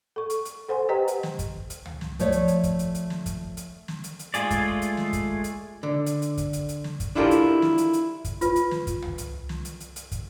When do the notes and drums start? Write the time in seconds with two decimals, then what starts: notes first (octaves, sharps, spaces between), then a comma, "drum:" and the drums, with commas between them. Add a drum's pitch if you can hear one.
0.16 A4 C#6
0.30 drum: hi-hat
0.45 drum: hi-hat
0.68 A4 C5 F#5 G#5 C6
0.89 G4 B4 C5 D#5 G5 A#5
1.08 drum: hi-hat
1.23 drum: snare
1.39 drum: kick, hi-hat
1.70 drum: hi-hat
1.86 drum: tom
2.01 drum: snare
2.19 F3 A3 C#5 D5, drum: hi-hat
2.32 drum: hi-hat
2.48 drum: hi-hat
2.63 drum: kick, hi-hat
2.79 drum: hi-hat
2.95 drum: hi-hat
3.10 drum: snare
3.26 drum: kick, hi-hat
3.57 drum: hi-hat
3.88 drum: snare
4.04 drum: hi-hat
4.19 drum: hi-hat
4.34 G#3 A3 F4 G#4 D5, drum: hi-hat
4.50 drum: kick, hi-hat
4.82 drum: hi-hat
4.97 drum: snare
5.13 drum: kick, hi-hat
5.44 drum: hi-hat
5.83 D3
6.06 drum: hi-hat
6.22 drum: hi-hat
6.37 drum: kick, hi-hat
6.53 drum: hi-hat
6.69 drum: hi-hat
6.84 drum: snare
7.00 drum: kick, hi-hat
7.15 D4 E4 F4 G4 A4 A#4
7.31 drum: hi-hat
7.62 drum: snare
7.78 drum: hi-hat
7.93 drum: hi-hat
8.24 drum: kick, hi-hat
8.41 F4 B4, drum: hi-hat
8.56 drum: hi-hat
8.71 drum: snare
8.87 drum: kick, hi-hat
9.02 drum: tom
9.18 drum: hi-hat
9.49 drum: snare
9.65 drum: hi-hat
9.80 drum: hi-hat
9.96 drum: hi-hat
10.12 drum: kick, hi-hat